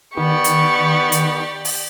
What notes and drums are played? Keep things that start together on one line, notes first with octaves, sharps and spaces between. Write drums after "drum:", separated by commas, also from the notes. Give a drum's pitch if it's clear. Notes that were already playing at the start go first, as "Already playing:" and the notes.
D#3 B3 G4 D5 C#6
drum: hi-hat
drum: hi-hat
drum: open hi-hat